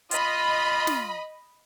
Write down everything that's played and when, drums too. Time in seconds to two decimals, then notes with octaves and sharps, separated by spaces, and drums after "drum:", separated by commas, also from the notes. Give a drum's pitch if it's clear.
0.11 F4 D#5 B5, drum: hi-hat
0.87 drum: snare